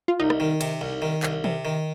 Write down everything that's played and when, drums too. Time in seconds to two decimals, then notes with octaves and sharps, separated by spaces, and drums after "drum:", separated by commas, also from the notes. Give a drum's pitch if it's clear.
0.08 F4
0.20 C2 D#4
0.30 drum: rim click
0.40 D#3
0.61 C3, drum: cymbal
0.81 C2
1.02 D#3
1.23 C2, drum: clap
1.44 C3, drum: tom D#3
1.65 D#3